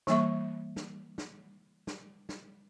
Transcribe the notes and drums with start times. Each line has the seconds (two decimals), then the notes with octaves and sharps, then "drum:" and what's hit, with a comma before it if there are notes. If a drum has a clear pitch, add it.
0.07 E3 G3 A#3 E5 C#6, drum: snare
0.76 drum: snare
1.18 drum: snare
1.87 drum: snare
2.29 drum: snare